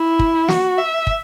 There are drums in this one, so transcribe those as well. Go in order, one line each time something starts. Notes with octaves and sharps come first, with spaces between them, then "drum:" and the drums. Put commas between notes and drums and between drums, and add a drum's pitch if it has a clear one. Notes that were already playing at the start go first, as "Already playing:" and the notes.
Already playing: E4
drum: kick
F#4, drum: snare
E5
drum: kick